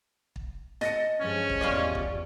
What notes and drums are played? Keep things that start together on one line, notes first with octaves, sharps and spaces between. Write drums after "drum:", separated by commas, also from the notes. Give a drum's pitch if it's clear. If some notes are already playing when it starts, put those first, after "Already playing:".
drum: kick
D#5 G#5 A5 A6 A#6 C#7, drum: snare
G2 F3 G#3 C#4
drum: kick
G#1 E2 F4 G4 D5 D#5 C#6
drum: kick